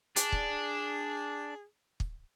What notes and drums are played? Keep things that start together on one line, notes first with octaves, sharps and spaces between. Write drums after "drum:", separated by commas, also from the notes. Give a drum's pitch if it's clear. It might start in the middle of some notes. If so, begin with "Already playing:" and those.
D4 G#4, drum: hi-hat
drum: kick
drum: kick